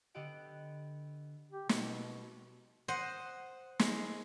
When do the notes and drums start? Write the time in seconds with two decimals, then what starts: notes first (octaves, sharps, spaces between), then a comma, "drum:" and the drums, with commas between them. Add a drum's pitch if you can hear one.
0.14 D3 B3 G4 D#5 F#5 D7
1.51 G4
1.69 B2, drum: snare
2.88 C5 D#5 F#5
3.79 G#3, drum: snare